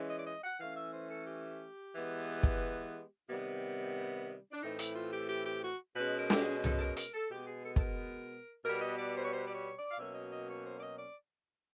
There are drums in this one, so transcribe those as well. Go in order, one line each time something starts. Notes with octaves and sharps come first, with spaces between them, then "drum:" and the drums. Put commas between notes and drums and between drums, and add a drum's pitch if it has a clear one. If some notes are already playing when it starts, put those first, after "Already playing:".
Already playing: E3 G#3 C#4
D#5
D5
D#5
F#5
E3 A3 C#4 F5
E5
C5
A4
G4
E3 G#3 B3
drum: kick
C3 D#3 G3 B3
D4
A2 E3 A3 C4 D#4
E4, drum: hi-hat
F4
G4
G4
G4
F#4
B2 G#3 C#4 B4
A#4
G4, drum: snare
G#4
A4, drum: tom C2
A4
A#4
A#4, drum: hi-hat
A4
B2 G#3 B3 G4
G#4
A4
A4, drum: kick
A#4
B2 G3 B3 A#4
D#5
D5
C5
C#5
C5
D5
C#5
D5
F5
B2 F#3 A#3 C#4 E5
D#5
D#5
C#5
C5
D5
D#5
D5